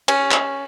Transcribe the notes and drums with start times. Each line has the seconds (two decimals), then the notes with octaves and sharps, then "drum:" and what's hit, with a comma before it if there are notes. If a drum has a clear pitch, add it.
0.08 C#4, drum: cymbal
0.31 drum: clap